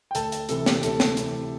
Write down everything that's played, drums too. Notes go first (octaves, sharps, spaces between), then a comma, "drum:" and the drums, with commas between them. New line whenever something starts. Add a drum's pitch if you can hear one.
G5
D2 A4 A5, drum: hi-hat
drum: hi-hat
C3 E3 A4, drum: hi-hat
G4, drum: snare
D2 A4, drum: hi-hat
drum: snare
C3 E3, drum: hi-hat